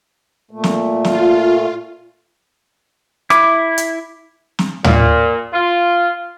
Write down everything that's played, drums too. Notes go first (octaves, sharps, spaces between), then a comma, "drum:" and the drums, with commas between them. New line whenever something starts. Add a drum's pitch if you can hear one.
A#2 A3
drum: snare
F4, drum: snare
E4 D6, drum: rim click
drum: hi-hat
drum: snare
A#2, drum: tom
F4